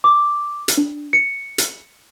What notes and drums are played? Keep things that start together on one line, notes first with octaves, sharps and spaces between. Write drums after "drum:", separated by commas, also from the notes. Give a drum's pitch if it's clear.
D6
drum: hi-hat
D4
C#7
drum: hi-hat